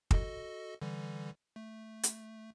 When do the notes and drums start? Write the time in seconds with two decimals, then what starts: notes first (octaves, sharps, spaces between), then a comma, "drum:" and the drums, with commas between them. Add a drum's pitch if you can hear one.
0.11 F#4 A4 D#5, drum: kick
0.82 D3 E3 G3
1.56 A3
2.03 drum: hi-hat